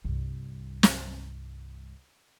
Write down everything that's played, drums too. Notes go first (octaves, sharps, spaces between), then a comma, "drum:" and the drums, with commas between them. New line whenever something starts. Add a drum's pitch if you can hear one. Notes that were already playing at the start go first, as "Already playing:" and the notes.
C2 G2
drum: snare